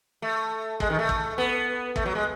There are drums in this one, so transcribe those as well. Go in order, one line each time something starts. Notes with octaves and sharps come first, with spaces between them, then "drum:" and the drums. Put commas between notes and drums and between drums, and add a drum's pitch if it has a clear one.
A3
G#3, drum: kick
D#3
A3
drum: kick
B3
A3, drum: kick
F#3
G#3